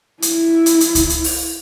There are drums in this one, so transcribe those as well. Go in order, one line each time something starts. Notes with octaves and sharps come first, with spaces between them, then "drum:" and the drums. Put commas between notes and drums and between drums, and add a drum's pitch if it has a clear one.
E4, drum: hi-hat
drum: hi-hat
drum: hi-hat
drum: kick C#2, hi-hat
drum: hi-hat
drum: open hi-hat